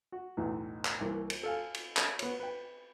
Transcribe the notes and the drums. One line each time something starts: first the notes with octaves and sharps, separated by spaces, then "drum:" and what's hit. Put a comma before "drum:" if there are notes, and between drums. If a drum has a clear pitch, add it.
F#4
B1 E2 A2 E3
drum: clap
C2 E3 A#3
drum: cymbal
A4 F5 G#5
drum: cymbal
drum: clap
B3 C#5, drum: cymbal
B4 G5